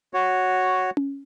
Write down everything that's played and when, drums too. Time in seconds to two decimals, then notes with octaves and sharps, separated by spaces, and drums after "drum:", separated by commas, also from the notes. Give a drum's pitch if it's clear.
0.14 F#4 C#5
0.97 drum: tom C#4